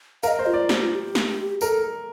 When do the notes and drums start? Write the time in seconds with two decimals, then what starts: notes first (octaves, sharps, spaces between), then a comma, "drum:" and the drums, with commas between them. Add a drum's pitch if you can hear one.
0.23 A#4 D#5 F5, drum: tambourine
0.39 C5
0.46 F4
0.54 D5
0.69 G4, drum: snare
0.82 F4
0.95 G4
1.15 drum: snare
1.61 A4 A#4, drum: tambourine